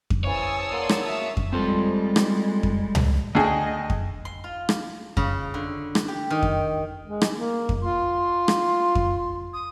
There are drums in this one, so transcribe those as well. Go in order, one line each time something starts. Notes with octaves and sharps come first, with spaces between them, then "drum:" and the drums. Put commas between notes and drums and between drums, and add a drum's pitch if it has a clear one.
drum: kick F2
C#3 E3 C5 C#5 G#5 A5 D#6 E6
A#3 D5 F#5 G#5 C6
drum: rim click
F#4 E5 F5
drum: kick F2
G3 G#3 C4 F4 A4
drum: rim click
drum: kick F2
drum: tom C#2
D2 G#4 D#5 G5
drum: kick F2
C6
F4
drum: rim click
C#3, drum: kick F2
D3
drum: rim click
G4
D#3
drum: kick F2
G#3
drum: rim click
A#3
drum: kick F2
F4 C6
drum: rim click
drum: kick F2
D#6